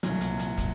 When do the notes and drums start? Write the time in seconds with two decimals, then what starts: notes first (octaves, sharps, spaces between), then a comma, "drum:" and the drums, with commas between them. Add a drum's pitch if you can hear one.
0.03 C2 A#2 F#3, drum: hi-hat
0.21 drum: hi-hat
0.39 drum: hi-hat
0.57 drum: kick, hi-hat